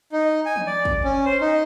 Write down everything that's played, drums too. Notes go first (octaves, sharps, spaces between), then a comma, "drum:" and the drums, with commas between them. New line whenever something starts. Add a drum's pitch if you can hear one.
D#4
G#5
drum: tom E3
D5
drum: kick
C#4
C5
D#4